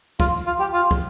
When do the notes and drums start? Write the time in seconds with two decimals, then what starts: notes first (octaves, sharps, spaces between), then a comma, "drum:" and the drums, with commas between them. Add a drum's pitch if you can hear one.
0.20 F4, drum: kick, tambourine
0.37 drum: tambourine
0.47 F4
0.60 G4
0.73 F4
0.91 drum: kick, tambourine